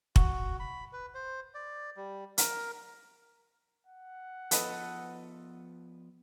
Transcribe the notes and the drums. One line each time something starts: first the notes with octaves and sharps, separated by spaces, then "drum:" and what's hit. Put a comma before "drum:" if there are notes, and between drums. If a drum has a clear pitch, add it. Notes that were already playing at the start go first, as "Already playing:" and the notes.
F#4, drum: kick
B5
B4
C5
D5
G3
A#4, drum: hi-hat
F#5
F3 B3 A4 B4 D#5, drum: hi-hat